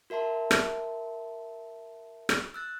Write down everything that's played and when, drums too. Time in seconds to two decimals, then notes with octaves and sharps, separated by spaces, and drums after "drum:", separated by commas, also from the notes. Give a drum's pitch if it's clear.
0.10 F#4 A#4 E5 A5 C6
0.51 drum: rim click
2.29 drum: rim click
2.54 E6 F#6 A6